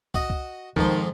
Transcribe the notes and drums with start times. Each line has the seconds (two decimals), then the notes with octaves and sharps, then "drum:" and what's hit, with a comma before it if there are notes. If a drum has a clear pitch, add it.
0.14 F#4 D#5, drum: kick
0.30 drum: kick
0.76 F2 G#2 D#3 F3, drum: kick